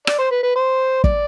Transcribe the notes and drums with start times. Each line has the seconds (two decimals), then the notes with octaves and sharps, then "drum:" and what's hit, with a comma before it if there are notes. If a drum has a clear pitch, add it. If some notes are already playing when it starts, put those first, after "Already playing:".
0.07 D5, drum: rim click
0.18 C5
0.31 B4
0.43 B4
0.55 C5
1.04 D5, drum: kick